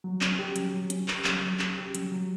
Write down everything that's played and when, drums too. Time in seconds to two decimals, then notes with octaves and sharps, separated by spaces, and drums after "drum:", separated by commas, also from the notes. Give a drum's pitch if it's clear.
0.04 F#3
0.21 C#4, drum: clap
0.39 G4
0.56 F#3, drum: hi-hat
0.74 F#3
0.90 C#4, drum: hi-hat
1.08 G4, drum: clap
1.24 F#3, drum: clap
1.42 F#3
1.59 C#4, drum: clap
1.77 G4
1.95 F#3, drum: hi-hat
2.12 F#3